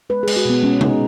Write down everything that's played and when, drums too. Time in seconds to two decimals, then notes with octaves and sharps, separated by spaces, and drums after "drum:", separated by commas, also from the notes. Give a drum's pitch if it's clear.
0.10 G#3 B4
0.23 G#4
0.27 G#3, drum: cymbal
0.36 F#4
0.45 B2 B3
0.63 G#3 C#4
0.81 G#3 D#4, drum: tom C3